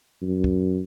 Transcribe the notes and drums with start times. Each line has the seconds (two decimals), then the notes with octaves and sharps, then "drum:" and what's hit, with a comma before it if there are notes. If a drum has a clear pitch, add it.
0.22 F#2
0.44 drum: kick